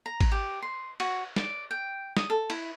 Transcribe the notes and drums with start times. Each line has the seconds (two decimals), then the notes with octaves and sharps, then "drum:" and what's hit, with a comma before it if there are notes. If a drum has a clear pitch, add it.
0.06 A#5
0.21 drum: kick G#1, cymbal
0.32 G4
0.62 C6
1.00 F#4, drum: cymbal
1.36 D5, drum: snare
1.71 G5
2.17 D#6, drum: snare
2.30 A4
2.50 E4, drum: cymbal